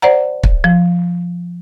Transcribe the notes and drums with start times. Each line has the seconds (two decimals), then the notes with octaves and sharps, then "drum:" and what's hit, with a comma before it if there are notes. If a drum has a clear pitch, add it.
0.02 C5 D5 F#5 A#5
0.44 drum: kick
0.64 F3